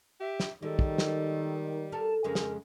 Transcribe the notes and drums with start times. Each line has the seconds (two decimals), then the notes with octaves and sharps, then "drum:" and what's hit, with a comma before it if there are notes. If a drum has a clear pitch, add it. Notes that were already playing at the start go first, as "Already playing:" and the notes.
0.20 G4 E5
0.40 drum: snare
0.63 D#3 G3 G#3 A4
0.79 drum: kick
0.98 drum: snare
1.92 A4 A#4 A5
2.24 F2 C#3 G#3 A#4
2.35 drum: snare